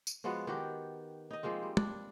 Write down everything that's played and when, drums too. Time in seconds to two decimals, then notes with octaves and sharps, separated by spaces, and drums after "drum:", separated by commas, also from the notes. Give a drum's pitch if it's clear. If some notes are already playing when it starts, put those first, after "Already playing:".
0.07 drum: tambourine
0.24 F3 G#3 B3 F#4
0.47 D#3 F#4 G4
1.31 D#4 D#5
1.43 F3 G#3 A#3 C4
1.63 G3
1.77 D4, drum: tom